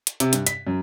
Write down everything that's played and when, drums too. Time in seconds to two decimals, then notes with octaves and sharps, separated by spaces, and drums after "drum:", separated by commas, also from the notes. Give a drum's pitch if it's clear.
0.07 drum: hi-hat
0.20 C3, drum: hi-hat
0.33 G2, drum: hi-hat
0.47 B6, drum: hi-hat
0.67 F#2